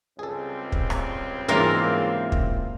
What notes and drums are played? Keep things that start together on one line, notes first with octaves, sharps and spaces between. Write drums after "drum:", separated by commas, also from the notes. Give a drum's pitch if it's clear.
C#2 G3 C4 G#4 A4
drum: kick
drum: rim click
G#2 E3 G#3 A#3 C#4 F4 A#4 E5
drum: kick